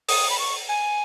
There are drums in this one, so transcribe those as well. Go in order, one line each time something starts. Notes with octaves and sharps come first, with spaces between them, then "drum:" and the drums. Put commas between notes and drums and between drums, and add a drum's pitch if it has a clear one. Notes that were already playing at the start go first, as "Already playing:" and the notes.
D#6, drum: open hi-hat
B5
C#6
G#5